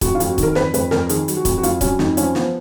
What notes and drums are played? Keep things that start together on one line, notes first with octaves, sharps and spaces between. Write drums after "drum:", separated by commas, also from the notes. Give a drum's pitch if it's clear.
F2 F#4, drum: kick, hi-hat
F4
F2, drum: hi-hat
F#4
D#3, drum: kick, hi-hat
A#4
F2 B4, drum: snare
F2 B4, drum: hi-hat
F2 A#4, drum: snare
D#3 G#4, drum: hi-hat
F#3, drum: hi-hat
F#4
F2, drum: kick, hi-hat
F#4
F2 F4, drum: hi-hat
F#3 C#4, drum: kick, hi-hat
F2 D#4, drum: snare
F3 C#4, drum: hi-hat
F3 B3, drum: snare